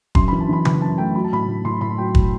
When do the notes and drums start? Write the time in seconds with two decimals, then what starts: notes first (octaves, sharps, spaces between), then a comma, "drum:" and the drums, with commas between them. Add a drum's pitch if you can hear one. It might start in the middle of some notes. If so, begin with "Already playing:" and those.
0.15 F#2 C6, drum: kick
0.28 B5
0.32 E3
0.40 A5
0.49 E3 B5
0.65 E3 B5, drum: tom C#3
0.82 F#2 A5
0.98 A3 G5
1.15 F#3 B5
1.24 A5
1.32 A2 B5
1.48 A2
1.65 A2 C6
1.81 A2 B5
1.98 F#3 G5
2.15 drum: kick